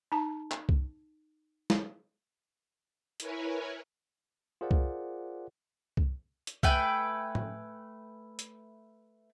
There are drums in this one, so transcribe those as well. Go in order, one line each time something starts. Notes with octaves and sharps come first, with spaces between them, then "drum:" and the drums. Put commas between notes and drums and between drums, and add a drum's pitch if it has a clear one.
D#4 A5 A#5
drum: clap
drum: kick C2
drum: snare
E4 A#4 B4 C#5 G#5, drum: hi-hat
F4 G#4 A#4 C5 D5 F#5
drum: kick C2
drum: kick C2
drum: hi-hat
A3 B4 G5 G#5, drum: kick C2
drum: tom A2
drum: hi-hat